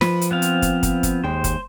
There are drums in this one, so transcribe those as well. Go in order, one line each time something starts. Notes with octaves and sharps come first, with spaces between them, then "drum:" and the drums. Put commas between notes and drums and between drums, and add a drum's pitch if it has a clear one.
F3 B4, drum: snare
drum: hi-hat
B3 C4 F5
drum: hi-hat
drum: kick, hi-hat
drum: kick, hi-hat
drum: kick, hi-hat
D#2 G#3 C5 G5
drum: kick, hi-hat